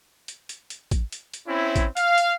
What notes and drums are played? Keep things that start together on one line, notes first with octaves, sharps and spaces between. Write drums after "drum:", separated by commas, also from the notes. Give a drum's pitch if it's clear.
drum: hi-hat
drum: hi-hat
drum: hi-hat
drum: kick A1, hi-hat
drum: hi-hat
drum: hi-hat
C4 C#4 E4
drum: kick A1, hi-hat
F5, drum: hi-hat
drum: hi-hat